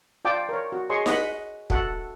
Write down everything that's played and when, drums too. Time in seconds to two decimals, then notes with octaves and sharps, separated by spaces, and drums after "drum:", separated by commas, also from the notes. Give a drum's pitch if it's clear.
0.25 F4 D5 G5 A5 D6
0.49 A#4 C#5
0.72 F#4
0.90 G#4 C#5 D#5 C6 C#6
1.06 D#5 F#5 B5, drum: snare D#4
1.70 F#4 A4 F#5, drum: kick